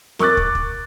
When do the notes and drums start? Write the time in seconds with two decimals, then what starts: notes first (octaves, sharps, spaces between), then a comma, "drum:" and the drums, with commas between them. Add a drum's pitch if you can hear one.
0.19 A#4 C#6 D6 F#6 A6, drum: snare
0.37 drum: kick
0.55 drum: kick